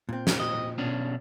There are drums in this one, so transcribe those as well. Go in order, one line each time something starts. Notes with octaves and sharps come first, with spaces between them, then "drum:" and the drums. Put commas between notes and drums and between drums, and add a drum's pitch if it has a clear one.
A#2 C4
drum: snare
D#5
B2 C#4 D4